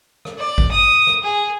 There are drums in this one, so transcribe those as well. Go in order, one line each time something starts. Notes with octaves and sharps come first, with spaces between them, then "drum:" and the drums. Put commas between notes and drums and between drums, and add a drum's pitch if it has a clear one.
drum: rim click
D5
drum: kick G#1
D#6
drum: rim click
G#4